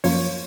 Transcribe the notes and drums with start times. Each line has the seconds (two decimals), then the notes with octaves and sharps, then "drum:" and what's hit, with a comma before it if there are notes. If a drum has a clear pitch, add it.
0.04 F#2 F3 A#3 F4 C#5, drum: open hi-hat